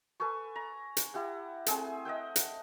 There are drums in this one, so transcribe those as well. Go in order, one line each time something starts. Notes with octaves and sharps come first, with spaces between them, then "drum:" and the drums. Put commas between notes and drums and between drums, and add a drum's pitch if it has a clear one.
A4 B4 G#5 C#6
A#5
drum: hi-hat
E4 G4 F#5
A3 C4 G#4 G#5, drum: hi-hat
D#5 E5 F#5 G5
drum: hi-hat